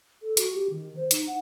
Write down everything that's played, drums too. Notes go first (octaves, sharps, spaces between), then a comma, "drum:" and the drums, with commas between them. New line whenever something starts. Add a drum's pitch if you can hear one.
A4
F#4, drum: hi-hat
G4
D#3
C5
D#4, drum: hi-hat
F#5